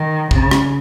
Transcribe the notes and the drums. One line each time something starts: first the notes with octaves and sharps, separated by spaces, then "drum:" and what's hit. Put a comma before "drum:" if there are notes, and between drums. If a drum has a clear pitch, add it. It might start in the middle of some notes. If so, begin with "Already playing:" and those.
Already playing: D#3
C#3, drum: kick B1
drum: rim click